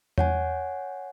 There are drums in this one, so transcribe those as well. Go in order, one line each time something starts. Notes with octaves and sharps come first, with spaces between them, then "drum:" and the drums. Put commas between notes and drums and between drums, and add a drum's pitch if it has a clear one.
C#5 F#5 G#5, drum: tom E2